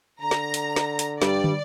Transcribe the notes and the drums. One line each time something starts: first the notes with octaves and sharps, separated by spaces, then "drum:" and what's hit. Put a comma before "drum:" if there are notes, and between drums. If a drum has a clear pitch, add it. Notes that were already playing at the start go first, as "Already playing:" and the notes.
D3 A#5
drum: snare
drum: hi-hat
drum: snare
drum: hi-hat
G2 G3 D5, drum: snare
drum: tom